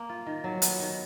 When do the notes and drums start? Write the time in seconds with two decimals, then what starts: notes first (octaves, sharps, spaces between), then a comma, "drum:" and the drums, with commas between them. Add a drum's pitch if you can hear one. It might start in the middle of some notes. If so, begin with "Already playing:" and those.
Already playing: A#3
0.09 F4
0.26 D#3
0.44 F#3
0.62 B3, drum: hi-hat
0.80 D#3